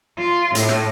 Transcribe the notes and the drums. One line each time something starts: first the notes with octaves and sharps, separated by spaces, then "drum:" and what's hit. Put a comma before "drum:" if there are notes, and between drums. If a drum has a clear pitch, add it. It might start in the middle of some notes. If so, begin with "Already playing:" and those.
F4
A2, drum: hi-hat
drum: rim click